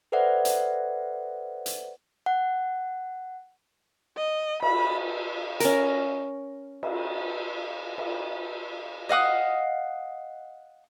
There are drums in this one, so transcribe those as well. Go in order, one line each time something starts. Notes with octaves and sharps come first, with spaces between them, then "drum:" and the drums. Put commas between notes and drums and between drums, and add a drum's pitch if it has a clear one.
A4 B4 C5 D5 E5 F#5
drum: hi-hat
drum: hi-hat
F#5
D#5
B5, drum: cymbal
C#4 A#4, drum: hi-hat
drum: cymbal
drum: cymbal
D#5 F5 F#5 D#6